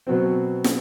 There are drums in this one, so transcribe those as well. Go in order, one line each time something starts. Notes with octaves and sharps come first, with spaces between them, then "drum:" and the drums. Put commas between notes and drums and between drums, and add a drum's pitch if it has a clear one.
B2 F#3 C4
drum: snare